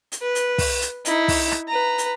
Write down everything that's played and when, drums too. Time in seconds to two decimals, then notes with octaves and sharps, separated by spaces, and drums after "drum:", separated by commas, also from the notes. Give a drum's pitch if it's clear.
0.12 drum: hi-hat
0.22 B4
0.35 drum: hi-hat
0.58 drum: kick, open hi-hat
0.82 drum: hi-hat
1.05 D#4 E4, drum: hi-hat
1.28 drum: kick, open hi-hat
1.52 drum: rim click
1.68 B4 A#5
1.98 drum: hi-hat